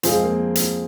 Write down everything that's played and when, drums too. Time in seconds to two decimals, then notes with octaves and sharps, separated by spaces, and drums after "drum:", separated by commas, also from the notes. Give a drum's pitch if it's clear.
0.03 F2 F3 G#3 C4 F4 G#4, drum: hi-hat
0.23 A#3
0.55 drum: hi-hat